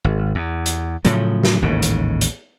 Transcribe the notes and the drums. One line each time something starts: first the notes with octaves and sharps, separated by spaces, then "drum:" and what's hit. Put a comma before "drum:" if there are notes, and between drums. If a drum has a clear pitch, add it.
G#1
E2
drum: hi-hat
A2 C#3 F3 F#3, drum: hi-hat
drum: snare
A1 D#2 G#2 C#3
drum: hi-hat
drum: hi-hat